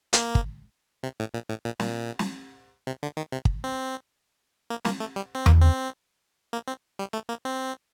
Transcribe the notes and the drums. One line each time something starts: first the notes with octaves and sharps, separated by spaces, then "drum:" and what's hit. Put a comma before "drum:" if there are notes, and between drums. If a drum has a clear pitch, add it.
A#3, drum: hi-hat
drum: kick
C3
A2
A#2
A2
A#2
A#2, drum: snare
drum: snare
C3
D3
D#3
C3
drum: kick
C4
A#3
A#3, drum: snare
A3
G3
C4
A#3, drum: tom E2
C4
A#3
C4
G3
A3
A#3
C4